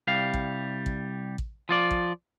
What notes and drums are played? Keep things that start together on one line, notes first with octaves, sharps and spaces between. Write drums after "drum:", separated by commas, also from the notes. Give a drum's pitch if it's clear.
C2 G3 F5
drum: kick
drum: kick
drum: kick
F3 F4 D5
drum: kick